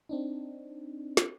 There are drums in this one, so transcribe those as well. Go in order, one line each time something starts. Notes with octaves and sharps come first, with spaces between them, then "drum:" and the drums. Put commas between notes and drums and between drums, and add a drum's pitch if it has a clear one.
C4 D4 D#4
drum: snare